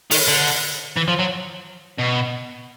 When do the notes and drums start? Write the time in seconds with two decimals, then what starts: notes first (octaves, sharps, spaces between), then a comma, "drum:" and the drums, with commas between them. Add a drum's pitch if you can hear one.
0.11 D#3, drum: open hi-hat
0.28 D3
0.97 E3
1.08 F3
1.19 F#3
1.99 B2